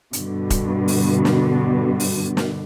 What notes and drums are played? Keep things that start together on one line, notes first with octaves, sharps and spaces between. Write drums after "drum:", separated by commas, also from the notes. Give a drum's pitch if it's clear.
G2 B2 D3, drum: hi-hat
drum: kick E1, hi-hat
drum: open hi-hat
drum: snare
drum: open hi-hat
drum: snare